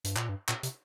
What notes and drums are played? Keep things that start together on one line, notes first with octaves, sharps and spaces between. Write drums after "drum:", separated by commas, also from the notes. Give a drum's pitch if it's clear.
G2, drum: hi-hat
A#2, drum: clap
G2
A#2, drum: clap
C3, drum: hi-hat